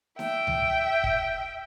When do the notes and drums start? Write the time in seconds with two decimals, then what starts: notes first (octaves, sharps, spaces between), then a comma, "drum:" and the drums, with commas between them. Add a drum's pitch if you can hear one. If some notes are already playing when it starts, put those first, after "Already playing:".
0.19 E5 G5, drum: snare D#4
0.47 drum: tom C#2
1.04 drum: kick